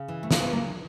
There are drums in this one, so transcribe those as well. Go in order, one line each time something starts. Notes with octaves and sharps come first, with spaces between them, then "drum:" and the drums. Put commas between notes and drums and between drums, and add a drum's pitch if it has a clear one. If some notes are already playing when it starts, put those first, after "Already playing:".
Already playing: C#3
E3
A3
C#3, drum: snare
B3
F#3 A#3